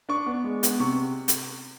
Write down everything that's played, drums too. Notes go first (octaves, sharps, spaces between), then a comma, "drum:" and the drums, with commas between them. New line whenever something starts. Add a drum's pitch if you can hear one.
D4 C#6
B3
G#3
B3, drum: hi-hat
C3 C#6
drum: hi-hat